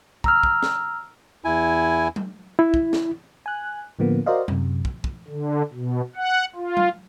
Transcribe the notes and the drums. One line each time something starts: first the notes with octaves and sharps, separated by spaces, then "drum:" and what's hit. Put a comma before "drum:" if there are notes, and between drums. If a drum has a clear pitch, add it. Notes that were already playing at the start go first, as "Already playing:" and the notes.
A#5 E6 F6, drum: kick
drum: kick
drum: snare
E2 E4 G#5
drum: tom F#3
E4
drum: kick
drum: snare
G#5 F#6
A2 D3 F3 A#3 B3
F#4 A#4 C5 D5 D#5 F5
F#2 C3, drum: tom F#3
drum: kick
drum: kick
D3
B2
F#5
F4
drum: tom F#3